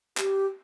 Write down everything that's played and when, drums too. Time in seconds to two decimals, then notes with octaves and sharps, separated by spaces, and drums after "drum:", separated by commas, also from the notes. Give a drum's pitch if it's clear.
0.17 G4, drum: clap